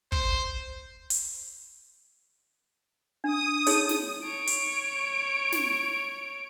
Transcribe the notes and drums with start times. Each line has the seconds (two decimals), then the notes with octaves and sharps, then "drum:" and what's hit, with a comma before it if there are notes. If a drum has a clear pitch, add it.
0.12 C5, drum: kick
1.10 drum: hi-hat
3.24 D4 D#6
3.67 D#4 G#4 C#5, drum: hi-hat
3.89 drum: snare
4.23 C#5 D7
4.47 drum: hi-hat
5.52 drum: snare